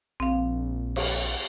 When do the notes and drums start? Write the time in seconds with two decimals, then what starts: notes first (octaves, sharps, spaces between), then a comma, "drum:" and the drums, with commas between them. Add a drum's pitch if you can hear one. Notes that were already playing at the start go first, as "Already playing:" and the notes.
0.20 A#1 C4 F5
0.96 drum: cymbal